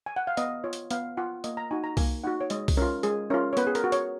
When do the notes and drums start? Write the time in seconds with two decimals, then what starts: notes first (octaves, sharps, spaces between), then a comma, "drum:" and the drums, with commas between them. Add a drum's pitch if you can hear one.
0.06 G#5
0.16 F#5
0.27 F5
0.37 B3 D#5, drum: hi-hat
0.64 F4 C#5
0.73 drum: hi-hat
0.91 B3 F5, drum: hi-hat
1.17 F4 F#5
1.44 A#3 D#5, drum: hi-hat
1.57 A#5
1.71 D#4 F#4 G#5
1.84 A#5
1.97 A#3 G#5, drum: kick C2, open hi-hat
2.24 D#4 F#4 F#5
2.41 C#5
2.50 G#3 D#5, drum: hi-hat
2.68 drum: kick C2, open hi-hat
2.77 C#4 F4 A#4
3.03 G#3 G#4, drum: hi-hat
3.30 C#4 F4 A#4
3.53 C#5
3.57 B3 B4, drum: hi-hat
3.67 G#4
3.75 A#4, drum: hi-hat
3.84 F#4
3.92 C#5, drum: hi-hat